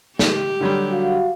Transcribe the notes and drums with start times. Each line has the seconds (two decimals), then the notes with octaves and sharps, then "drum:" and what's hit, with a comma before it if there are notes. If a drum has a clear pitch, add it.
0.19 G4, drum: snare
0.61 D3 F#3 G3
0.92 F#4 F5